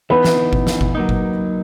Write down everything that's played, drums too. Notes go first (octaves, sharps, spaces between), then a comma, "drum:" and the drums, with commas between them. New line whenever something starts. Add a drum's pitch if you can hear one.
E3 B3 D#4 B4 B5
drum: snare
drum: kick G1
drum: snare
drum: kick G1
F#3 A#3 D#4
drum: kick G1